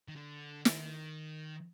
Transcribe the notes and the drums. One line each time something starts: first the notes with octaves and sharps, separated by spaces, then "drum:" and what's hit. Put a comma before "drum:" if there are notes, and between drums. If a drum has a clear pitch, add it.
D#3
D3
D#3, drum: snare